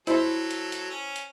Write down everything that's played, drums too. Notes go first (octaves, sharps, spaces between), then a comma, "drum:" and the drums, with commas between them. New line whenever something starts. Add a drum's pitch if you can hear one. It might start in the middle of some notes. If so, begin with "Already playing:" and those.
F#3 E4 A4 C5, drum: hi-hat
drum: hi-hat
drum: hi-hat
C#4
drum: hi-hat